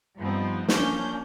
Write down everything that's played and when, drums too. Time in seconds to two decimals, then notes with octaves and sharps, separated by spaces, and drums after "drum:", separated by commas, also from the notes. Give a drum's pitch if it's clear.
0.18 G2 F3 B3 C4 D#4
0.68 F3 A#3 C#4 D4 G6, drum: snare